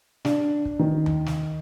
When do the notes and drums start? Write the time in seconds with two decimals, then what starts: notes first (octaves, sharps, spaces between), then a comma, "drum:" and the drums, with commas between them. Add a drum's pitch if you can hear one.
0.25 D4, drum: snare
0.65 drum: kick
0.79 D#3
1.06 drum: tom D#2
1.26 drum: snare